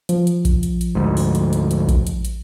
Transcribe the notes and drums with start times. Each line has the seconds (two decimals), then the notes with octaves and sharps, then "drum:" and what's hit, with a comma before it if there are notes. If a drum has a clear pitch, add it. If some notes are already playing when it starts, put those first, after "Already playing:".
0.09 F3, drum: hi-hat
0.27 drum: hi-hat
0.45 drum: kick A#1, hi-hat
0.63 drum: hi-hat
0.81 drum: hi-hat
0.95 D2 G#2
1.17 drum: open hi-hat
1.35 drum: hi-hat
1.53 drum: hi-hat
1.71 drum: hi-hat
1.89 drum: kick A#1, hi-hat
2.07 drum: hi-hat
2.25 drum: hi-hat